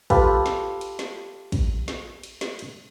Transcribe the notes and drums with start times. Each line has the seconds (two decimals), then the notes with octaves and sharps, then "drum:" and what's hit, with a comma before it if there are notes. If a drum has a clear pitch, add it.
0.10 F4 G4 A4 B4, drum: kick, cymbal
0.46 drum: snare
0.81 drum: cymbal
0.99 drum: snare
1.52 drum: kick, cymbal
1.88 drum: snare
2.23 drum: cymbal
2.41 drum: snare
2.59 drum: cymbal